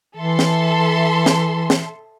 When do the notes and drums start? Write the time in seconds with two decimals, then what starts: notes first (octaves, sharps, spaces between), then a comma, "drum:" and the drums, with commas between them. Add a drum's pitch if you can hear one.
0.17 E3 A4 E5 C6
0.39 drum: snare
1.26 drum: snare
1.70 drum: snare